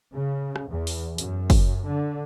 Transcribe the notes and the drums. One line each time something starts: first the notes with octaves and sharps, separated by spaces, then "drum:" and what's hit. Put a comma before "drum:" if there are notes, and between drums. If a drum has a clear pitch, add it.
C#3
drum: rim click
E2
drum: open hi-hat
F#2, drum: hi-hat
drum: kick, open hi-hat
D3